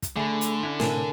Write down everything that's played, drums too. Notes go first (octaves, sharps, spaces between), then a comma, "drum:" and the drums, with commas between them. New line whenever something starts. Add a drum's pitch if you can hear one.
drum: kick, hi-hat
D3 A3 G#4 A4 E5 G#5 B5
drum: hi-hat
C#4 D4 E4
A2 C3 A#4 G#5 A5, drum: snare